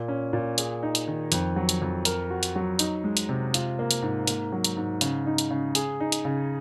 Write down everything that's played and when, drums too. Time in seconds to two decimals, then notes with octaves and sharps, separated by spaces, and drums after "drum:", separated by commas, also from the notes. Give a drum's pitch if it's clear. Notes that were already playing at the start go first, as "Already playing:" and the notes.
Already playing: A#2
0.08 C#4
0.33 A#2
0.58 G#4, drum: hi-hat
0.83 D#4
0.95 drum: hi-hat
1.08 D#3
1.32 F2, drum: hi-hat
1.56 F#3
1.69 drum: hi-hat
1.82 F2
2.05 A#4, drum: hi-hat
2.30 F#4
2.43 drum: hi-hat
2.56 F#3
2.79 D#4, drum: hi-hat
3.04 G#3
3.17 drum: hi-hat
3.29 C3
3.54 F4, drum: hi-hat
3.79 A#3
3.91 drum: hi-hat
4.02 G#2
4.27 A#3, drum: hi-hat
4.52 F#3
4.64 drum: hi-hat
4.77 G#2
5.01 C#3, drum: hi-hat
5.26 D#4
5.38 drum: hi-hat
5.51 C#3
5.75 G#4, drum: hi-hat
6.00 D#4
6.12 drum: hi-hat
6.25 C#3